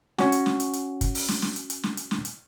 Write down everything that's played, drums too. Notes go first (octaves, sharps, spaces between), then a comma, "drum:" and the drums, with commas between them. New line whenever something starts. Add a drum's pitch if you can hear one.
C#4 F#4, drum: snare
drum: hi-hat
drum: snare
drum: hi-hat
drum: hi-hat
drum: kick, hi-hat
drum: open hi-hat
drum: snare
drum: snare
drum: hi-hat
drum: hi-hat
drum: snare
drum: hi-hat
drum: snare
drum: hi-hat